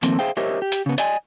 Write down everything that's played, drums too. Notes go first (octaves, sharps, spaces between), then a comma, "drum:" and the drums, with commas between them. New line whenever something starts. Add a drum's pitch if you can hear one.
D#3 F3 A3 A#3 C4, drum: hi-hat
G#4 C5 E5 F5 G5
G4 A#4 C5 C#5 D#5 E5
G4
drum: hi-hat
C#3 B3
D5 D#5 G#5, drum: hi-hat